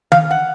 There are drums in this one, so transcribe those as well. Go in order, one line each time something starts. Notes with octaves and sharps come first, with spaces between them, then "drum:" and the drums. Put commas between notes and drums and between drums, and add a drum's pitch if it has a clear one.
F5, drum: tom D#3
F#5